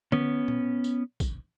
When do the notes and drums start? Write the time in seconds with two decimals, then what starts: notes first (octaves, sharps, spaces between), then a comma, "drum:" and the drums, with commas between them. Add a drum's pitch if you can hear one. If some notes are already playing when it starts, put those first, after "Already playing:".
0.12 B3 C#4, drum: tom D3
0.48 drum: tom A#2
0.84 drum: tambourine
1.20 drum: kick, tambourine